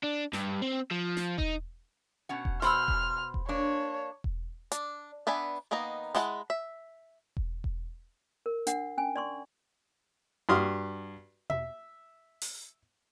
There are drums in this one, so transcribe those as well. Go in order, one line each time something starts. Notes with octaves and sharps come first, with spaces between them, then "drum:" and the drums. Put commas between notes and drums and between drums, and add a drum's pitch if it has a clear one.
D4
G2, drum: snare
C4
F3
drum: snare
D#4, drum: kick E1
B2 C#4 F#5
drum: kick E1
B2 C5 B5 E6 F6, drum: snare
drum: kick E1
drum: kick E1
A#3 D4 C#5
drum: kick E1
D4, drum: hi-hat
B3 D4 B4 E5 G#5
D#3 A#3 B3 D#4 D#5
G#3 E4 D#5 F#5 A5, drum: snare
E5
drum: kick E1
drum: kick E1
A#4
D4 F#5, drum: hi-hat
C#4 G#5
D5 C6 C#6
G2 F#4 C6 D#6 F6
E5, drum: tom B2
drum: open hi-hat